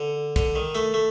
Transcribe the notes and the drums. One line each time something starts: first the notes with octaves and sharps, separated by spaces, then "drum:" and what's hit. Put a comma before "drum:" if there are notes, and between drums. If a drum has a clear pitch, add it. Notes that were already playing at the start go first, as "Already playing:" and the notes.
Already playing: D3
D3, drum: kick, hi-hat
D#3
A3, drum: hi-hat
A3